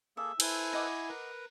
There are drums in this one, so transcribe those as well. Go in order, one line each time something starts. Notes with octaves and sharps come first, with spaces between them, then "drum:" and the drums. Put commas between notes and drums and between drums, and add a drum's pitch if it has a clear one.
A#3 G#4 A4 E5
E4 A4 B4 C5 G#5, drum: cymbal
D#5 F#5 D6
A#4 B4 A#5